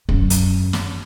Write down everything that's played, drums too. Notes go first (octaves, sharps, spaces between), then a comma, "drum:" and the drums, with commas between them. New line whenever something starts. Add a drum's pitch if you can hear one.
F#2, drum: kick
drum: hi-hat
drum: snare